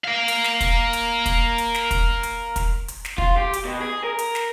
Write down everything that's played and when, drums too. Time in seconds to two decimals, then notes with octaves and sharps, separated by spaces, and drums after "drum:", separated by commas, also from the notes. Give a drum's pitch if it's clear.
0.04 A#4 F5
0.28 drum: hi-hat
0.44 drum: snare
0.61 drum: kick, hi-hat
0.93 drum: hi-hat
1.26 drum: kick, hi-hat
1.58 drum: hi-hat
1.74 drum: snare
1.91 drum: kick, hi-hat
2.23 drum: hi-hat
2.56 drum: kick, hi-hat
2.88 drum: hi-hat
3.05 drum: snare
3.18 F4, drum: kick
3.37 G4
3.53 drum: hi-hat
3.65 B2
3.80 G#4
4.04 A#4
4.19 drum: hi-hat
4.35 drum: snare